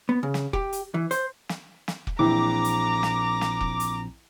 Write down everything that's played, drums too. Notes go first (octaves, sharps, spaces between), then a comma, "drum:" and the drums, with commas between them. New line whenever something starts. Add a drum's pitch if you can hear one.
B3
C#3
drum: snare
G4, drum: kick
drum: hi-hat
E3
C5, drum: hi-hat
drum: snare
drum: snare
drum: kick
A#1 E3 C4 A#5 D6
drum: hi-hat
drum: snare
drum: snare
drum: kick
drum: hi-hat